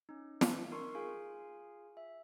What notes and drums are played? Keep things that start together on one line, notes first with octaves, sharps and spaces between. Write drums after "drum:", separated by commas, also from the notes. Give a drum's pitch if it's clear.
C#4 D#4
drum: snare
D#4 A#4 C6 C#6
F4 G#4 F5 G#5
E5